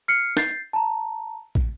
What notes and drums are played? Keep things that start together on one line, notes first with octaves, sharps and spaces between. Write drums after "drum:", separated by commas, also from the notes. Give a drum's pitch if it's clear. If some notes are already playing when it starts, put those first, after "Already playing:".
F6 C7 C#7
G6 A6 C7, drum: snare
A5 A#5
drum: kick